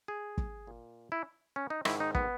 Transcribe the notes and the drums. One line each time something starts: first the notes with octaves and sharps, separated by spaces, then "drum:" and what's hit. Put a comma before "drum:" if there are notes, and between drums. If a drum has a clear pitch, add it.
G#4
drum: kick
A#2
E4
C#4
D#4
G#2 D#3 E4, drum: rim click
D#4
B3, drum: kick